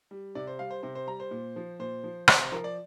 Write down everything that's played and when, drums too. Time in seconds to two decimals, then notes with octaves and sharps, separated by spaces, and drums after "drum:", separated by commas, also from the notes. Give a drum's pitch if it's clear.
0.11 G3
0.35 C3 D5
0.47 C5
0.59 G3 F5
0.71 C5
0.83 C3 C5
0.95 C5
1.07 G3 A#5
1.20 C5
1.31 A#2
1.56 F3
1.79 A#2 C5
2.04 F3
2.28 C3 C5, drum: rim click
2.39 C5
2.52 F3 A#4
2.64 D5